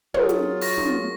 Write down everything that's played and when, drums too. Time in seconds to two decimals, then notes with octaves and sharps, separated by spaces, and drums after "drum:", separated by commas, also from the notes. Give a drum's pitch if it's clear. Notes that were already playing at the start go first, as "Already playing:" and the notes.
0.14 F#3 F4 G#4 A#4, drum: tom
0.29 drum: hi-hat
0.61 C#6 A#6, drum: open hi-hat
0.78 drum: tom